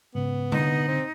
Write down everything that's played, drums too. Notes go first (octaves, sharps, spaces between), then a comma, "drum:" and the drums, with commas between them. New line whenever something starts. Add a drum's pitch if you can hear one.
G#2 C#3 B3
D3 D#4, drum: tom
C4